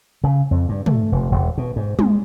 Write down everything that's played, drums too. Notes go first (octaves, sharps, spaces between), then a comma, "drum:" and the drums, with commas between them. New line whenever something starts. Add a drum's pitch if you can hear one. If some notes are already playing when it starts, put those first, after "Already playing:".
C#3
F2
G2
A3, drum: tom
F1
E1
B2
G#2
G#3, drum: tom